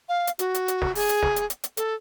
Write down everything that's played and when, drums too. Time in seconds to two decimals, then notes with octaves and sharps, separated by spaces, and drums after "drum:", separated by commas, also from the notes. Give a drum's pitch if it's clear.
0.09 F5
0.27 drum: hi-hat
0.39 F#4, drum: hi-hat
0.55 drum: hi-hat
0.68 drum: hi-hat
0.82 drum: snare
0.95 G#4, drum: open hi-hat
1.09 drum: hi-hat
1.23 drum: snare
1.36 drum: hi-hat
1.50 drum: hi-hat
1.64 drum: hi-hat
1.77 A4, drum: hi-hat